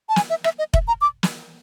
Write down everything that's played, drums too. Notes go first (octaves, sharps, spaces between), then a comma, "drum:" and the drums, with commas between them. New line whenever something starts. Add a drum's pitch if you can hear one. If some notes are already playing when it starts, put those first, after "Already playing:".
A5
G#5, drum: snare
E5
E5, drum: rim click
D#5
E5, drum: kick F1
A#5
D6
drum: snare